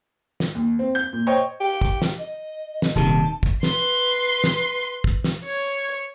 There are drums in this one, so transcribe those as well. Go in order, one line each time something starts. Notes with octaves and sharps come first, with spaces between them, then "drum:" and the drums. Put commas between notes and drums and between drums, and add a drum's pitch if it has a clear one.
drum: snare
D#2
C4
G6
A#2
C5 C#5 D#5 G5
G4
drum: kick
drum: snare
D#5
drum: snare
D#1 C3 D#3 A5
drum: kick
B4 C6, drum: snare
drum: snare
drum: kick
drum: snare
C#5 G#6